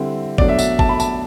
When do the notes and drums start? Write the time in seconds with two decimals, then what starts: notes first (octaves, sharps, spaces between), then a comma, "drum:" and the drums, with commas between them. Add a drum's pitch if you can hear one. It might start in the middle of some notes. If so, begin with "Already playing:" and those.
Already playing: D3 G3 C4 E4
0.38 B2 F#3 A3 D4 D5, drum: kick G1
0.49 E5
0.59 E5, drum: tambourine
0.79 A5, drum: kick G1
0.89 B5
1.00 A5, drum: tambourine